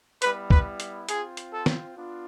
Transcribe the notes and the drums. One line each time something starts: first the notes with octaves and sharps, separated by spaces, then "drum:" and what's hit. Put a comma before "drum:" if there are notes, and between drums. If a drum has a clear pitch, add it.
G3 B3 E4 B4, drum: hi-hat
B4, drum: kick
drum: hi-hat
C4 F4 G#4, drum: hi-hat
drum: hi-hat
A4
drum: snare
B3 D4 F4